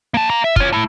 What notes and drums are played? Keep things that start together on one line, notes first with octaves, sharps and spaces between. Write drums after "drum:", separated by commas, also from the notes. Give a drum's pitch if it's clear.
A#3 A5
F5 A#5
E5
F4 C#5, drum: kick
A3 E4